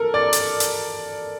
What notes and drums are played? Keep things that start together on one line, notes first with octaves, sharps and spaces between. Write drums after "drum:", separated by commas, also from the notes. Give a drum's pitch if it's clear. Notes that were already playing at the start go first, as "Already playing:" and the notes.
Already playing: A4 A#4
D5
drum: hi-hat
drum: hi-hat